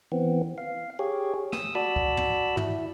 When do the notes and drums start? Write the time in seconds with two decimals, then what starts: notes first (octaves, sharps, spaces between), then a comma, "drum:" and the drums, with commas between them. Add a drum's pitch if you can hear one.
0.12 E3 B3 C4
0.58 F5
0.99 G4 G#4 C#5
1.52 D#6 E6, drum: snare
1.75 F#4 D5 A5 B5 E6
1.96 drum: kick C#2
2.17 drum: tom
2.57 E4, drum: tom